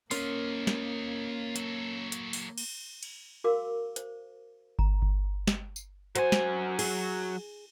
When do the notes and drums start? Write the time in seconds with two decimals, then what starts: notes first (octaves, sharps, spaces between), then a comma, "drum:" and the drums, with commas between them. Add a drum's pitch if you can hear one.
0.11 A#3 C#4 F4 A#4 D#5 C6, drum: open hi-hat
0.67 drum: snare
1.56 F#3 A4, drum: hi-hat
2.12 drum: hi-hat
2.33 drum: open hi-hat
2.58 drum: cymbal
3.03 drum: cymbal
3.44 F#4 A#4 F5 D6 E6
3.96 C5, drum: hi-hat
4.79 A#5, drum: kick G1
5.02 drum: kick G1
5.47 drum: snare
5.76 drum: tambourine
6.16 F#3 F#4 C5 G#5, drum: hi-hat
6.32 drum: snare
6.79 G#4, drum: cymbal